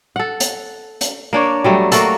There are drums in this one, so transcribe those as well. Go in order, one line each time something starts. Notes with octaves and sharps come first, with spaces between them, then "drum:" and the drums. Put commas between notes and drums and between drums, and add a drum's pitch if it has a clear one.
A4 F#5
drum: hi-hat
drum: hi-hat
A#3 D4 C#5
F#3 G3 A3
A3 A#3 F#4 A4, drum: hi-hat